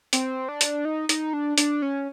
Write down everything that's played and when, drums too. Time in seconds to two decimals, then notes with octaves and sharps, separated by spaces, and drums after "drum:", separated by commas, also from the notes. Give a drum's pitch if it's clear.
0.13 C4, drum: hi-hat
0.49 D4
0.61 drum: hi-hat
0.85 D#4
1.09 D#4, drum: hi-hat
1.33 D4
1.58 D4, drum: hi-hat
1.82 C#4